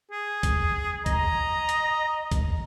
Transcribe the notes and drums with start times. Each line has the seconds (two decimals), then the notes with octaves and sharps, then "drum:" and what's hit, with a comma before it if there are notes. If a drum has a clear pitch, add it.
0.12 G#4
0.43 drum: kick, hi-hat
1.06 D#5 A#5, drum: kick, hi-hat
1.69 drum: hi-hat
2.32 drum: kick, hi-hat